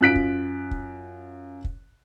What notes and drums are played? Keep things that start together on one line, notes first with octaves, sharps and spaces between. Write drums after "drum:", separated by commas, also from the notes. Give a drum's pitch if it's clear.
F#2 F4 F#6 B6 D7
drum: kick
drum: kick
drum: kick